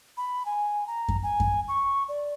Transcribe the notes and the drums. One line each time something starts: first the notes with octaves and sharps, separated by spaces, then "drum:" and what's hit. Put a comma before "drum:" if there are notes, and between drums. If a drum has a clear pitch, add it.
B5
G#5
A#5
drum: kick F#2
G#5
drum: kick F#2
C#6
D5